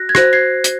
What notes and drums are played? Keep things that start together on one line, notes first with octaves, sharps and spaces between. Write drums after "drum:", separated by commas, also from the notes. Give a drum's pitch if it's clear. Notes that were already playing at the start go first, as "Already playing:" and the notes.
Already playing: F#4 F#6 A#6
G#6
F#4 C5 F#6 A#6, drum: rim click
G#6 C7
drum: hi-hat